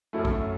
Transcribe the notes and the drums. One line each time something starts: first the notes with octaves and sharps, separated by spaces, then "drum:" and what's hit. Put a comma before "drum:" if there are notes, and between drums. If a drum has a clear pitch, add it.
F#2 F#3 A3 E4
drum: kick